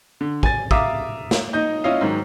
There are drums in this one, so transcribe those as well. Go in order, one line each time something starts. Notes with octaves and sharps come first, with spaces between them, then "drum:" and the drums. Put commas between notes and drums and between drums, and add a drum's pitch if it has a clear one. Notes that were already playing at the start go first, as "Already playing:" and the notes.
D3
G#5 A6, drum: kick
E5 F5 A#5 D6 D#6, drum: kick
drum: snare
D#4 D#5 G6
C#4 E4 F4 D#5 F5
G#2 D#3 F#3